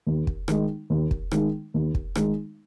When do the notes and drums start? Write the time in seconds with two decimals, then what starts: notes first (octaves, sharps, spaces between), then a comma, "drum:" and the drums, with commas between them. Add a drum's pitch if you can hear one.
0.07 D#2
0.27 drum: kick
0.48 D#3 G#3 D#4, drum: rim click
0.90 D#2
1.11 drum: kick
1.31 D#3 G#3 D#4, drum: rim click
1.74 D#2
1.95 drum: kick
2.15 D#3 G#3 D#4, drum: rim click